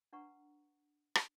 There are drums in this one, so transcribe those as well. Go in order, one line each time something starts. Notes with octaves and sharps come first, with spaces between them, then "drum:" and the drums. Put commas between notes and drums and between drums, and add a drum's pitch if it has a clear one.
D4 B4 F#5 A#5 C#6
drum: rim click